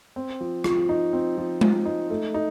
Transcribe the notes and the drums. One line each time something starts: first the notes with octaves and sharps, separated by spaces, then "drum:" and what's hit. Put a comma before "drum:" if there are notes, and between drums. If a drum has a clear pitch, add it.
C4
F3
F3, drum: rim click
D#4
C4
F3
F3, drum: tom G#3
D#4
A3
D#4